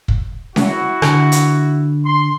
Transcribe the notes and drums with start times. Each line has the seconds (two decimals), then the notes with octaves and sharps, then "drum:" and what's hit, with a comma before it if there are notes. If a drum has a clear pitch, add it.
0.08 drum: kick
0.56 E4 F#4, drum: snare C#4
1.02 D3, drum: rim click
1.32 drum: hi-hat
2.05 C6